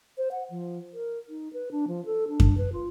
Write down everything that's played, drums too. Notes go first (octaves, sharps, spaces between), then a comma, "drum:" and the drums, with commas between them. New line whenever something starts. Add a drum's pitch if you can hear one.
C5
F#5
F3
A#4
D#4
B4
D4
F3
A4
D4
drum: kick F#2
B4
F4